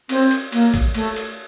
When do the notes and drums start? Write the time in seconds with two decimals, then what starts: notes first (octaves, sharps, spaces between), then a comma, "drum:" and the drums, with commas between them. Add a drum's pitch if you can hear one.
0.09 C4, drum: cymbal
0.31 drum: cymbal
0.52 A#3, drum: cymbal
0.74 drum: kick A1, cymbal
0.94 A3, drum: cymbal
1.16 drum: cymbal